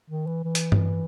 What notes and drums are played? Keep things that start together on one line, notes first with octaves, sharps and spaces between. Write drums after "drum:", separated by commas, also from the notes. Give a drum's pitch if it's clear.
D#3
E3
E3
drum: hi-hat
drum: tom G2